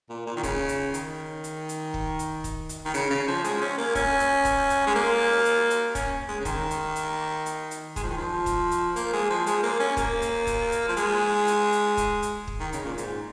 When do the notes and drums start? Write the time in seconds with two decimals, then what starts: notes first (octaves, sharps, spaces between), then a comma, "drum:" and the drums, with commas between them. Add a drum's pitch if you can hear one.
0.10 A#2
0.27 A#2
0.37 D#3
0.43 C#3, drum: kick, hi-hat
0.69 drum: hi-hat
0.94 D#3, drum: hi-hat
1.44 drum: hi-hat
1.69 drum: hi-hat
1.94 drum: kick
2.19 drum: hi-hat
2.44 drum: kick, hi-hat
2.69 drum: hi-hat
2.85 D#3
2.94 C#3, drum: hi-hat
3.11 C#3
3.28 F3
3.44 G#3, drum: hi-hat
3.61 C#4
3.78 A#3
3.95 C#4, drum: kick, hi-hat
4.20 drum: hi-hat
4.45 drum: kick, hi-hat
4.70 drum: hi-hat
4.87 G#3
4.96 A#3
5.45 drum: hi-hat
5.70 drum: hi-hat
5.95 C#4, drum: kick, hi-hat
6.29 G#3
6.41 C#3
6.45 D#3, drum: kick, hi-hat
6.71 drum: hi-hat
6.96 drum: hi-hat
7.46 drum: hi-hat
7.71 drum: hi-hat
7.96 G#3, drum: kick, hi-hat
8.04 F3
8.10 D#3
8.18 F3
8.46 drum: kick, hi-hat
8.71 drum: hi-hat
8.96 A#3, drum: hi-hat
9.13 G#3
9.30 F3
9.46 G#3, drum: hi-hat
9.63 A#3
9.80 C#4
9.97 A#3, drum: kick, hi-hat
10.22 drum: hi-hat
10.47 drum: kick, hi-hat
10.72 drum: hi-hat
10.89 F3
10.97 G#3, drum: hi-hat
11.47 drum: hi-hat
11.72 drum: hi-hat
11.97 drum: kick, hi-hat
12.22 drum: hi-hat
12.48 drum: kick
12.60 D#3
12.73 C#3, drum: hi-hat
12.85 A#2
12.98 G#2, drum: hi-hat